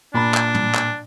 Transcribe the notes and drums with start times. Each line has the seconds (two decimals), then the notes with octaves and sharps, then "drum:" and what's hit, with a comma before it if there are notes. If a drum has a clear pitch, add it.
0.14 A#2 D4 A#5 B5
0.34 drum: clap
0.54 drum: tom
0.74 drum: clap